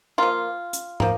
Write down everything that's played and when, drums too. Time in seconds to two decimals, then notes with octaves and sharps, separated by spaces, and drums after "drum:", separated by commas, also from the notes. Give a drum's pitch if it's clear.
0.18 F3 A#3 F4
0.73 drum: hi-hat
1.00 F3 A#3, drum: tom